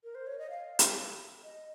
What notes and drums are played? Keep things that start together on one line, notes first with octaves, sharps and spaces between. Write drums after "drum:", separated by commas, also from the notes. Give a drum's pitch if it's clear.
A#4
C5
C#5
D#5
F5
drum: hi-hat
D#5